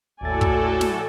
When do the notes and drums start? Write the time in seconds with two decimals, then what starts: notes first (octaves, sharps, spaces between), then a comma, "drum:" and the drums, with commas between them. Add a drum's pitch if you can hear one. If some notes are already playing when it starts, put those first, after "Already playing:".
0.21 G#1 D#2 A2 F#4 A4 D5 G#5 A6
0.41 drum: kick
0.81 drum: snare